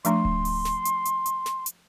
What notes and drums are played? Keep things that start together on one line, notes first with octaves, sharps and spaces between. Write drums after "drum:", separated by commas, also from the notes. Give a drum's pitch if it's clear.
F3 A3 D4 C6, drum: hi-hat
drum: kick D1
drum: open hi-hat
drum: snare
drum: hi-hat
drum: hi-hat
drum: hi-hat
drum: snare
drum: hi-hat